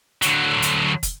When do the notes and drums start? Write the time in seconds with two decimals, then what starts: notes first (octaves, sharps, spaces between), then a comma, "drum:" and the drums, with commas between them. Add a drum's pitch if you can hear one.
0.22 D3 F#3, drum: hi-hat
0.62 drum: hi-hat
1.03 drum: kick, hi-hat